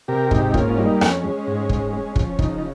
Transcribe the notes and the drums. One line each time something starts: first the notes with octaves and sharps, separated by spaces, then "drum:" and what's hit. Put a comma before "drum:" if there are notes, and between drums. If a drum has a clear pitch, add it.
C3 G4 A#4
G#2 D#4 G4, drum: kick
A#3 C#4 F4, drum: kick
G3 D#4
F2 C#4, drum: rim click
G#3
G#2
G#3, drum: kick
G#3
F3 C#4, drum: kick
C#3 D#4, drum: kick